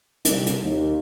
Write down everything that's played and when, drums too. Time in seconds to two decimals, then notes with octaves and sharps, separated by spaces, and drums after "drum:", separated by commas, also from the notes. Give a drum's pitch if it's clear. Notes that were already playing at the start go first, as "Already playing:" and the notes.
0.25 C2, drum: hi-hat
0.47 drum: hi-hat
0.64 D#2